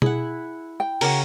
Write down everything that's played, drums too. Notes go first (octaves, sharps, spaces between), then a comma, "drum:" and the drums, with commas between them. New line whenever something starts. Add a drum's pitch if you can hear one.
E4 G#4 F#5, drum: tom B2
G5
C#3 F#4 A#4 C#5 F5, drum: open hi-hat